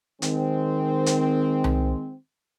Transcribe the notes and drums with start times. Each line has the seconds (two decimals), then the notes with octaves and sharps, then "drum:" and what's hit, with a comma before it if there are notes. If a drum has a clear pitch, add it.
0.22 D#3 G#3 C4, drum: hi-hat
1.06 drum: hi-hat
1.64 drum: tom C2